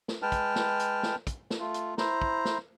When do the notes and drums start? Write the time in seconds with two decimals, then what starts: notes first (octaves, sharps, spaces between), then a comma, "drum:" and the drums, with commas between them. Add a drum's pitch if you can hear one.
0.08 drum: snare
0.22 G#3 B4 G5 A5 F6
0.32 drum: kick, hi-hat
0.56 drum: snare
0.79 drum: hi-hat
1.03 drum: snare
1.27 drum: kick, hi-hat
1.50 drum: snare
1.60 A3 F4
1.74 drum: hi-hat
1.98 E4 C5 A#5, drum: snare
2.21 drum: kick
2.45 drum: snare